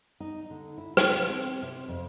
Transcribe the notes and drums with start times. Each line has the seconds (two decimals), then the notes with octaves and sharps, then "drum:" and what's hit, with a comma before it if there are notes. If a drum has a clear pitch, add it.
0.20 D#4
0.50 D3
0.78 E4
0.97 G5, drum: rim click
1.11 F4
1.28 C4
1.62 C3
1.88 F2